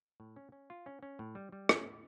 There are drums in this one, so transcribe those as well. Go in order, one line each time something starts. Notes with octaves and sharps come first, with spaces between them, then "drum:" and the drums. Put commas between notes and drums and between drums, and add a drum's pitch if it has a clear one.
A2
C#4
C#4
F4
C#4
C#4
A2
G3
G3
C#4, drum: rim click
A2